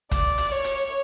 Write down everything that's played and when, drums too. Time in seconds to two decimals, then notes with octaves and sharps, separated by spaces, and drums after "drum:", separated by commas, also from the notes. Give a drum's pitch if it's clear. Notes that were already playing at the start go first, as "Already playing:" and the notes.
0.11 D5, drum: kick, hi-hat
0.38 drum: hi-hat
0.51 C#5
0.64 drum: hi-hat